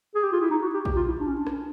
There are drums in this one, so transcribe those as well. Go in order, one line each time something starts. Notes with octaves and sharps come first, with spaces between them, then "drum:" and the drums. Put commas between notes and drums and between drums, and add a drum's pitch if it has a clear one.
G#4
G4
F4
E4
D#4
F#4
G4
G4, drum: kick A#1
F4
E4
D4
C#4
D4
drum: rim click